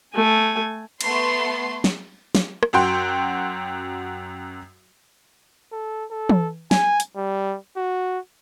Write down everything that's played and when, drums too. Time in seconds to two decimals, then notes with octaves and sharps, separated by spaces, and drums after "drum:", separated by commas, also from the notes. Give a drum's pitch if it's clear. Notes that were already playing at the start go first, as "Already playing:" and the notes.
0.15 A3 G#5
1.01 A3 B3 C6, drum: cymbal
1.84 drum: snare
2.35 drum: snare
2.63 drum: rim click
2.73 F#2 F#4 G5 C6
5.72 A4
6.11 A4
6.29 drum: tom E3
6.71 G#5, drum: snare
7.00 drum: hi-hat
7.16 G3
7.77 F#4